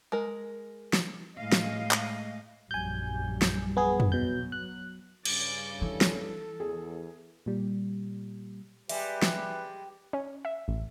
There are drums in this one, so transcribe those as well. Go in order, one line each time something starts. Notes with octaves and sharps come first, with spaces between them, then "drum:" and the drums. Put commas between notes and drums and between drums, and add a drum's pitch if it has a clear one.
G#3 A#4
drum: snare
A2 G#3 D#5 F5
drum: snare
drum: clap
A#1 F#2 G3 G#5 G6
drum: snare
B3 G#4
drum: tom
B2 F#3 B3 G6
F#6
G2 C#3 D6 A6, drum: cymbal
E3 A4
drum: snare
E2 G#4
A#2 G3
G3 G#3 G4 B4 E5 G#5, drum: open hi-hat
drum: snare
C#4
E5
A1